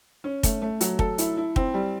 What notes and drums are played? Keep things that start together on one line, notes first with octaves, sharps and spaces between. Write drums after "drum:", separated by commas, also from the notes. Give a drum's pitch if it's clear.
C#4
A3, drum: kick, hi-hat
A3
F#3, drum: hi-hat
A4, drum: kick
E4, drum: hi-hat
E4
C4, drum: kick
G3